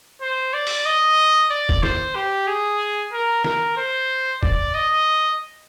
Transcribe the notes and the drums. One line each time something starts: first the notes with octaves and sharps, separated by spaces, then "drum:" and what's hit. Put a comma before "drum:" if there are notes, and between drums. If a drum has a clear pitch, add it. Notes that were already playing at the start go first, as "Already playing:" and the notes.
C5
D5
drum: open hi-hat
D#5
D5
drum: kick
C5, drum: snare
G4
G#4
A#4
A#4, drum: snare
C5
D5, drum: kick
D#5